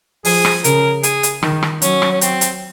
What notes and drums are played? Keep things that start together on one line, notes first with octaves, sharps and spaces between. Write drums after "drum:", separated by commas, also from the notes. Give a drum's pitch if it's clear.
F3 G#4, drum: open hi-hat
drum: rim click
C#3 A#4, drum: hi-hat
G#4, drum: hi-hat
drum: hi-hat
D#3, drum: rim click
drum: rim click
F#3 C#4, drum: hi-hat
drum: rim click
C#4
C4, drum: hi-hat
drum: hi-hat